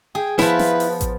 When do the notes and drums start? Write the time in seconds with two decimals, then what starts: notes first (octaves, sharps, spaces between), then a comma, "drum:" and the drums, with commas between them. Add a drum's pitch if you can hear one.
0.15 G#4 G5
0.39 F3 B3 E4 B4, drum: snare
0.59 drum: snare
0.80 drum: open hi-hat
1.01 drum: kick, hi-hat